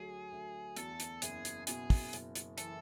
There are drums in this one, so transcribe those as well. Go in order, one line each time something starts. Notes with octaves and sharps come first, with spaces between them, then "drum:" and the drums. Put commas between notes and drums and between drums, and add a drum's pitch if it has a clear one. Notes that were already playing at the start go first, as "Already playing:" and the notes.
Already playing: D2 F#3 G#4
D2
E2 A4, drum: hi-hat
drum: hi-hat
F#1 G#4, drum: hi-hat
drum: hi-hat
B2 G#4, drum: hi-hat
drum: kick, open hi-hat
F#1, drum: hi-hat
drum: hi-hat
E3 A4, drum: hi-hat